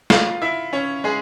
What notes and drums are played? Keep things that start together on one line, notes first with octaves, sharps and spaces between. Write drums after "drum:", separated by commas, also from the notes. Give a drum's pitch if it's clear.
F4 F5, drum: snare
E4 E5
C#4 C#5
G#3 G#4